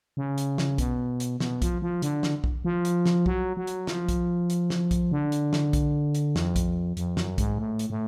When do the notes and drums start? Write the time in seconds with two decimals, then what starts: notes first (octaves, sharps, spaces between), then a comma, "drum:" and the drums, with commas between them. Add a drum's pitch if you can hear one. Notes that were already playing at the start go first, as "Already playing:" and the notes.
0.17 C#3
0.38 drum: hi-hat
0.58 drum: snare
0.78 B2, drum: kick, hi-hat
1.20 drum: hi-hat
1.40 B2, drum: snare
1.62 F3, drum: kick, hi-hat
1.82 F3
2.02 D3, drum: hi-hat
2.23 drum: snare
2.44 drum: kick
2.65 F3
2.85 drum: hi-hat
3.06 drum: snare
3.26 F#3, drum: kick
3.57 F#3
3.67 drum: hi-hat
3.87 F3, drum: snare
4.09 drum: kick, hi-hat
4.50 drum: hi-hat
4.70 drum: snare
4.91 drum: kick, hi-hat
5.12 D3
5.32 drum: hi-hat
5.53 drum: snare
5.73 drum: kick, hi-hat
6.15 drum: hi-hat
6.36 F2, drum: snare
6.56 drum: kick, hi-hat
6.97 F2, drum: hi-hat
7.17 F#2, drum: snare
7.38 G#2, drum: kick, hi-hat
7.58 A2
7.79 drum: hi-hat
7.90 A2